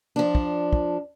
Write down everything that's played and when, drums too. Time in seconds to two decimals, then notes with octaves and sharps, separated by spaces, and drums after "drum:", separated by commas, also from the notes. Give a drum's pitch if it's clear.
0.16 F3 D4
0.35 drum: kick
0.73 drum: kick